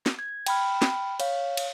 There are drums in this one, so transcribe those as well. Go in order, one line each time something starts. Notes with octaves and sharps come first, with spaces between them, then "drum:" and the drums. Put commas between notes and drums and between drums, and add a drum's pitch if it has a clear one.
drum: snare
G#6
G5 B5 F6, drum: cymbal
drum: snare
C#5 F5, drum: cymbal
drum: cymbal